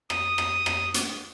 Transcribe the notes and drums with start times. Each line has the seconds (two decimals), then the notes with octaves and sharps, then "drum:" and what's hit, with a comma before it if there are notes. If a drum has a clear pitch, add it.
0.10 D#6, drum: rim click
0.38 drum: rim click
0.66 drum: rim click
0.94 drum: hi-hat